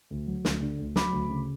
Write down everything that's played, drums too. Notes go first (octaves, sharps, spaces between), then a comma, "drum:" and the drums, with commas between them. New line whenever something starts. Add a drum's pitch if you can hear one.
D2
F#3
D2, drum: snare
D3
D2
F#3 B5 D6, drum: snare
D2
C#3